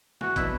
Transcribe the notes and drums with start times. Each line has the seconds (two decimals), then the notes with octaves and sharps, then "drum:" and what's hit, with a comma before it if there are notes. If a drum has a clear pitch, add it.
0.21 E2 F#4, drum: snare
0.36 B2 F#3 B3 D4 E4, drum: kick, hi-hat